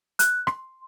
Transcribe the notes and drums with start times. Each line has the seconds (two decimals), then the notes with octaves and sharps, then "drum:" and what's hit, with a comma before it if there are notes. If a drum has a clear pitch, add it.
0.19 F#6, drum: hi-hat
0.47 C6, drum: rim click